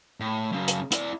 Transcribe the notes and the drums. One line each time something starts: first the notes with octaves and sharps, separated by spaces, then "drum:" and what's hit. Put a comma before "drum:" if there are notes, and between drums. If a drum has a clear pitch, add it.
A2
F#2 C#3
drum: hi-hat
E4 D5, drum: hi-hat